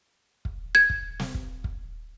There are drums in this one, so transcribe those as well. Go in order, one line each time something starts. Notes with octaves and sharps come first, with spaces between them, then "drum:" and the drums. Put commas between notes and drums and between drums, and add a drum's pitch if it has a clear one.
drum: kick
G#6
drum: kick
drum: snare
drum: kick
drum: kick